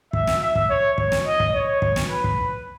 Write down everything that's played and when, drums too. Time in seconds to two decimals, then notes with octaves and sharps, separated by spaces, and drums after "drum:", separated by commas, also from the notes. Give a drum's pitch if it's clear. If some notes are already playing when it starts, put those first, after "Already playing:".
0.13 E5, drum: kick
0.27 drum: snare
0.42 E5
0.55 drum: kick
0.70 C#5
0.98 C#5, drum: kick
1.12 drum: snare
1.26 D#5
1.40 drum: kick
1.54 C#5
1.82 drum: kick
1.96 drum: snare
2.10 B4
2.24 drum: kick